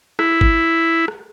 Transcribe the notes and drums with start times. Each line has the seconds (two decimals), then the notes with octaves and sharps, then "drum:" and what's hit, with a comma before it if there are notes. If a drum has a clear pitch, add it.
0.19 E4, drum: rim click
0.41 drum: kick
1.08 drum: rim click